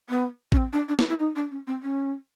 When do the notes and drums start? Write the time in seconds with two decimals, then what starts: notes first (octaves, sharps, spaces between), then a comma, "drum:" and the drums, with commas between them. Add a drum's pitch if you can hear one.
0.10 B3
0.52 C#4, drum: kick A1
0.57 C4
0.73 D4
0.88 D4
0.99 E4, drum: snare
1.09 E4
1.19 D#4
1.35 D4
1.51 C#4
1.67 C4
1.83 C#4